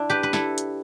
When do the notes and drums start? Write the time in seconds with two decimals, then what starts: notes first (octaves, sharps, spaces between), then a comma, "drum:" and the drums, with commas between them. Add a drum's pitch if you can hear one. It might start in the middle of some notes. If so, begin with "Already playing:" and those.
Already playing: D4 E4
0.10 G4 B4
0.23 B4
0.33 E4 A4, drum: snare
0.58 drum: hi-hat